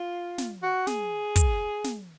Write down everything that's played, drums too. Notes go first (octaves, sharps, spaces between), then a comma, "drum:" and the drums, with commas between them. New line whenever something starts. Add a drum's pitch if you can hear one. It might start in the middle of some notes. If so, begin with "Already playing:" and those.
Already playing: F4
drum: snare
F#4
G#4, drum: snare
drum: kick, hi-hat
drum: snare